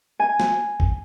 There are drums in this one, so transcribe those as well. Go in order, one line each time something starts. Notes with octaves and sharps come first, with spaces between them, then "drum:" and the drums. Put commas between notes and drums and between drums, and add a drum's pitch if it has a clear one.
G#5
drum: snare
drum: kick